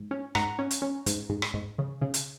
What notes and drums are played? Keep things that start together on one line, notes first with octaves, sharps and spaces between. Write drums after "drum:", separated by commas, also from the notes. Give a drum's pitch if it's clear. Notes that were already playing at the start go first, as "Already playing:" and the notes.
Already playing: G#2
C#4
G#2 F#5 A#5, drum: rim click
C#4
drum: hi-hat
C#4
G#2, drum: hi-hat
G#2
drum: rim click
G#2
C#3
C#3
drum: hi-hat